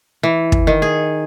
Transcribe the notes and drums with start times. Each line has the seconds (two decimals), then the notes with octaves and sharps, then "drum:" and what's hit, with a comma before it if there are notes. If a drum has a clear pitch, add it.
0.23 E3
0.52 drum: kick
0.67 D#3
0.82 G#4